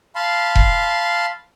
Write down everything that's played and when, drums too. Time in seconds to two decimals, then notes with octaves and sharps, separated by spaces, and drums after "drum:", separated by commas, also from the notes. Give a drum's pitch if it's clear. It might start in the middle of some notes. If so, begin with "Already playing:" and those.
0.15 F5 A5 B5 C6
0.55 drum: kick E1